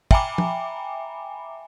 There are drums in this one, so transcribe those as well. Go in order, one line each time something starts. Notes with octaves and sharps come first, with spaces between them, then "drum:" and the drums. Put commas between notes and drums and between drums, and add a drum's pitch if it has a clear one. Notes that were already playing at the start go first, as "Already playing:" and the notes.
E5 G5 G#5 A#5 B5 D6, drum: kick
drum: tom